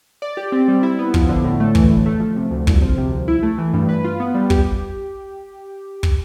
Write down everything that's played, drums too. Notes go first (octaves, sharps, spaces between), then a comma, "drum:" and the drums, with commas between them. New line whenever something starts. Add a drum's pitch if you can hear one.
D5
G4
C4
G3
E4
B3
F3, drum: kick
D3
A2
A3
E3, drum: kick
A2
A3
F3
C3
D2
C2, drum: kick
F3
C3
C2
E4
A3
E3
G2
B4
F4
B3
G3
G4, drum: kick
drum: kick